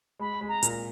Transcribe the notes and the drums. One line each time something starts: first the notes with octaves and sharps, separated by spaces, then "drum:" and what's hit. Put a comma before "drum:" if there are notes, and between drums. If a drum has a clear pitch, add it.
G#3 B5
G#3
A#5
A#2, drum: hi-hat